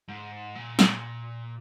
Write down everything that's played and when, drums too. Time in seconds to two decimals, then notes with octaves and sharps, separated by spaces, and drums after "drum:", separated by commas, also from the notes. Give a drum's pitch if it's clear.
0.08 G#2
0.55 A#2
0.79 drum: snare